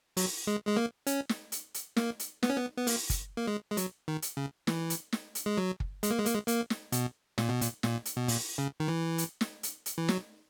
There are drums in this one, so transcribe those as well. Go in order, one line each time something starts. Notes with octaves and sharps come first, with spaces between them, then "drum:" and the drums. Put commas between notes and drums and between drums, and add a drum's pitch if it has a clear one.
F#3, drum: open hi-hat
G#3
G#3
A#3
C#4, drum: hi-hat
drum: snare
drum: hi-hat
drum: hi-hat
A#3, drum: snare
drum: hi-hat
B3, drum: snare
C#4
B3
B3
A#3, drum: open hi-hat
drum: kick, hi-hat
A#3
G#3
G#3
F#3, drum: hi-hat
D#3
drum: hi-hat
C#3
E3, drum: snare
drum: hi-hat
drum: snare
drum: hi-hat
G#3
F#3
drum: kick
G#3, drum: hi-hat
A#3
G#3
A#3, drum: hi-hat
G#3
A#3, drum: hi-hat
drum: snare
B2, drum: hi-hat
A#2, drum: snare
B2
A#2, drum: hi-hat
A#2, drum: snare
drum: hi-hat
B2
A#2, drum: open hi-hat
C#3
D#3
E3
drum: hi-hat
drum: snare
drum: hi-hat
drum: hi-hat
E3
F#3, drum: snare